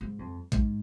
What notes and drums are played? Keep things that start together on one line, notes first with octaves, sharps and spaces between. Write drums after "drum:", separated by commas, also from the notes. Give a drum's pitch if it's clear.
G#2
F2
G#2, drum: kick, hi-hat